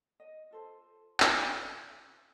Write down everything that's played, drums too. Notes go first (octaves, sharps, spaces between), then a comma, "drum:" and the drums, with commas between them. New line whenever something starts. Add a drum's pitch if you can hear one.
D#5
F4 A4 C5
drum: clap